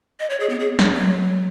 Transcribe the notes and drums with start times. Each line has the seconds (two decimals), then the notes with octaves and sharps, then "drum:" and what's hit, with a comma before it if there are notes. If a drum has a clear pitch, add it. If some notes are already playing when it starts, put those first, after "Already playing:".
0.20 D#5
0.30 C#5
0.40 G#4
0.50 B3
0.60 G#4
0.79 G#3, drum: snare
0.94 F#3